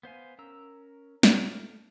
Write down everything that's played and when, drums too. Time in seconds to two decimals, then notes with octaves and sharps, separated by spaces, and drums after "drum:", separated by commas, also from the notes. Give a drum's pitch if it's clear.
0.03 B3 C5 F5 G#5
0.38 C#4 A#4 A#5 E6
1.23 A3 F6, drum: snare